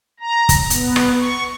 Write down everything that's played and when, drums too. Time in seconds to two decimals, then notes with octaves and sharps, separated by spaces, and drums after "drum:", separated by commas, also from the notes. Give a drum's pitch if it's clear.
0.20 A#5
0.49 drum: kick, hi-hat
0.70 B3, drum: hi-hat
0.96 drum: rim click
1.19 C#6